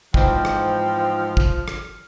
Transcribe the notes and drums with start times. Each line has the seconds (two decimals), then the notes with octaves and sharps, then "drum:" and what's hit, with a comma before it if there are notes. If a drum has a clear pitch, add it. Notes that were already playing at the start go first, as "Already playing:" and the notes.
0.14 G#2 E3 F3 C4 F6, drum: kick
0.45 drum: rim click
1.37 drum: kick
1.68 drum: rim click